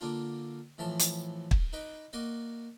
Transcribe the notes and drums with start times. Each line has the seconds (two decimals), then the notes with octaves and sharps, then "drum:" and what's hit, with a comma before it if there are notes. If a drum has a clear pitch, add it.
0.01 D3 A#3 D4 F4
0.78 A2 E3 F3 A5
0.99 drum: hi-hat
1.51 drum: kick
1.73 D#4 B4 D#5 D6
2.13 A#3 F#4 D5 D#5